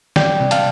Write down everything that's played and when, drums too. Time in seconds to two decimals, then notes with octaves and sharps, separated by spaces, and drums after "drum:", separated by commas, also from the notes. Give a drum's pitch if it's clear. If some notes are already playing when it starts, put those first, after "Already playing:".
0.16 G3 D5 G5, drum: snare
0.40 C3
0.51 F5 A5, drum: hi-hat